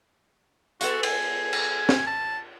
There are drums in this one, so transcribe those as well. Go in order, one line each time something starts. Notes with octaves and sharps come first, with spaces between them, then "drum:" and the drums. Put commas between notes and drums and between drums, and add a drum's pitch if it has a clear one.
G#3 B3 F#4 A4, drum: hi-hat
G#5, drum: cymbal
drum: cymbal
drum: snare
A5